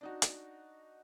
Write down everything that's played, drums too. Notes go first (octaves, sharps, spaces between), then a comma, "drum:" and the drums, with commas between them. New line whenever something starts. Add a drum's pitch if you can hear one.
D4 D#4 F#4
drum: hi-hat